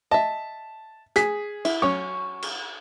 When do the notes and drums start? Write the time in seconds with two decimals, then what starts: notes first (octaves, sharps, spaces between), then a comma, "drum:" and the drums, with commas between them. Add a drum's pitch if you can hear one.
0.11 D#5 E5 A5
1.16 G#4 B6, drum: hi-hat
1.65 E4, drum: cymbal
1.82 F#3 C#4 C#6
2.42 drum: cymbal